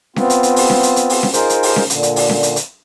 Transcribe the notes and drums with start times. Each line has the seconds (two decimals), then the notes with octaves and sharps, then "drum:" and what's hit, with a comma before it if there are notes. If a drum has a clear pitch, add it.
0.16 B3 C4 F4, drum: snare C#4
0.30 drum: hi-hat
0.43 drum: hi-hat
0.56 drum: open hi-hat
0.70 drum: snare C#4
0.83 drum: hi-hat
0.96 drum: hi-hat
1.10 drum: open hi-hat
1.23 drum: snare C#4
1.34 D#4 F4 G#4 A#4 C5, drum: hi-hat
1.50 drum: hi-hat
1.63 drum: open hi-hat
1.76 drum: snare C#4
1.90 A#2 D3, drum: hi-hat
2.03 drum: hi-hat
2.16 drum: open hi-hat
2.29 drum: snare C#4
2.43 drum: hi-hat
2.56 drum: hi-hat